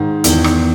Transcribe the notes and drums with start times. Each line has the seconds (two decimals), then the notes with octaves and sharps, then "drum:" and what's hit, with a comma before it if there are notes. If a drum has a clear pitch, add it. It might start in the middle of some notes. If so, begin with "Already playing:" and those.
Already playing: G#2 D#3
0.24 E2 D#3, drum: hi-hat
0.44 drum: rim click